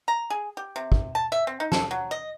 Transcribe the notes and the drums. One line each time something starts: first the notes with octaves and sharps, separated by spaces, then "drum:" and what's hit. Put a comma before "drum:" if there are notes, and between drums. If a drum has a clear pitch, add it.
A#5
G#4
G4
C3
drum: kick
A5
E5
C4
D#4
A4, drum: snare
F#3
D#5